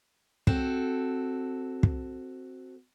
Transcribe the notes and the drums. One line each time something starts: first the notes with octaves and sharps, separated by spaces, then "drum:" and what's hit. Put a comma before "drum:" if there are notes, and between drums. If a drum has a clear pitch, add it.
C4 F#4 A4, drum: kick
drum: kick